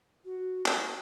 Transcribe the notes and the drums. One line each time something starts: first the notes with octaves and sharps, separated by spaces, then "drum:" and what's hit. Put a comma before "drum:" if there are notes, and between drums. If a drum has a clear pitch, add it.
F#4
drum: clap